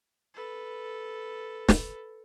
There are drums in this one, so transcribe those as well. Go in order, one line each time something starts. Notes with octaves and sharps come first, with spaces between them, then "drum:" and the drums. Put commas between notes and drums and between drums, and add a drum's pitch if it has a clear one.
A4 B4
drum: snare